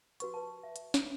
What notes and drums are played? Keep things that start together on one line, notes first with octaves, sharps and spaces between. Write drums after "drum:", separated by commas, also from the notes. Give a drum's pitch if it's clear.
F#4 B4 C#6, drum: hi-hat
B4 A5
E5
drum: hi-hat
drum: snare